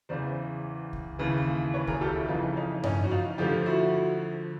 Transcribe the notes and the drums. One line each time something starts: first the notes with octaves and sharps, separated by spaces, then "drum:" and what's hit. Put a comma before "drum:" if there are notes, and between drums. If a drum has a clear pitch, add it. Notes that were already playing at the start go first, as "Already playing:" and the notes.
E2 C#3 E3 C5 D5
drum: kick C#2
D#2 C#3 E3
B4 C#5
G#4 A#4, drum: kick C#2
G4 A4
E4 F#4
F2 C#3 E3 D#4 F4
C#4 D#4
C#4 D#4, drum: tom G2
F#4
D#4 F4
D2 D3 F3 F4 G4
E4 F#4